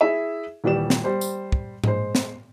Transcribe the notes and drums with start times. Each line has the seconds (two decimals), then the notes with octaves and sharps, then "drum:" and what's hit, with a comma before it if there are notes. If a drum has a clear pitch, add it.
0.01 E4 G#4 E5
0.64 D#1 E3 G3 G4 D5 E7
0.90 drum: snare
1.04 G3 C5
1.21 drum: tambourine
1.52 drum: kick
1.84 G#3 C5, drum: tom G#2
2.15 drum: snare